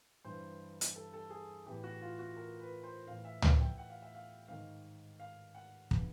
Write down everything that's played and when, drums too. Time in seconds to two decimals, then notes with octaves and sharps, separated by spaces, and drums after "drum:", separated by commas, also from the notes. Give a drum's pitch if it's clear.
0.25 G2 E3 C5
0.81 drum: hi-hat
0.96 A4
1.14 A4
1.30 G#4
1.66 A2 E3 G4
1.84 F#4
2.01 F4
2.19 F#4
2.37 A#4
2.60 B4
2.84 C5
3.07 A2 E3 F5
3.25 E5
3.42 F#5, drum: tom C#2
3.60 G5
3.78 F#5
3.90 F5
4.02 E5
4.15 F5
4.48 G#2 D#3 F5
5.20 F5
5.55 F#5
5.91 C#3 E3, drum: kick